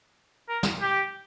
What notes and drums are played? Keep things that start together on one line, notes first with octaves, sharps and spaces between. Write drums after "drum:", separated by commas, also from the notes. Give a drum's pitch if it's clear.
A#4
drum: snare
G4